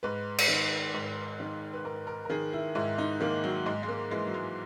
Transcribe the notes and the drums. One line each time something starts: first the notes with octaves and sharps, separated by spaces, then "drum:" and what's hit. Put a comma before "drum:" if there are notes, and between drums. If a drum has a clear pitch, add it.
G#2 B4
drum: cymbal
D#3
G#2
D#3
B4
G#2 A#4
A#4
A#4
D#3 G#4
E4
G#2 E4
D#4
D#3 A#3
F#3
G#2 G#3
G#3
A#3
E3 G#3
F#3
G#3